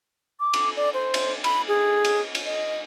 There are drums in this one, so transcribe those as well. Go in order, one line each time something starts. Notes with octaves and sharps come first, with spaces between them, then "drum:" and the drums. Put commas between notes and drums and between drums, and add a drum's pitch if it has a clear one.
D6
drum: cymbal
D5
C5
drum: cymbal
B5, drum: cymbal
G#4
drum: cymbal
drum: cymbal
D#5